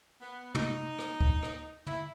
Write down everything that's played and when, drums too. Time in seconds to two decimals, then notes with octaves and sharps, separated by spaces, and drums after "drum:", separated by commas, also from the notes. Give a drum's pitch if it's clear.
0.21 B3
0.55 D#4, drum: tom
0.99 drum: rim click
1.21 drum: kick
1.43 drum: rim click
1.86 E4, drum: tom